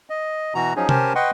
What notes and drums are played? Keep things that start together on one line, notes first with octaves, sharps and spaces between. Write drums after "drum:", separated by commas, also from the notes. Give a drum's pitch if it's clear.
D#5
B2 E3 F#4 A#5
F3 F#3 C#4 D#4 G#4
C#4 G4 A#4 C5 G#5 A5, drum: tom C3
B4 D#5 F#5 G5 C6 C#6